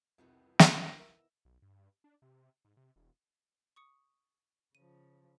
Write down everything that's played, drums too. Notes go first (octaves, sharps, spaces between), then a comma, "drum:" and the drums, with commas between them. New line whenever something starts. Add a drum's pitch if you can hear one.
C2 F2 C3 D#3 E3 B3
drum: snare
A#4 E5 E6
B1
G2
D4
C3
G#2
C3
E1
C#6 D#6 C#7
C#3 F3 D#7